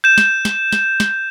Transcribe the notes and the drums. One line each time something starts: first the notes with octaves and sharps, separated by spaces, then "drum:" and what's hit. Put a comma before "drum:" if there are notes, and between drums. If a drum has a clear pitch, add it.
G6 E7
drum: snare
drum: snare
drum: snare
drum: snare